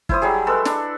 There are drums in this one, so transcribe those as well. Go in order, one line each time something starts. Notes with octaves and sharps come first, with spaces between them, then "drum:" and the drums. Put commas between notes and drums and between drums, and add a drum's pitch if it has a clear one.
E4 C5 D#6, drum: kick F#1
F#3 G3 G#4
G#3 A4 B4 E6
D4, drum: snare